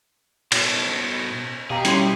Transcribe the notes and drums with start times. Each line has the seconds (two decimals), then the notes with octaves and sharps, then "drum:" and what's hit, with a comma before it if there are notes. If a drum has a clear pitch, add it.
0.52 B2 A4, drum: cymbal
1.70 B2 G4 G#4 F5 G5 A#5
1.85 G3 C#4 E4 C6 G#6, drum: hi-hat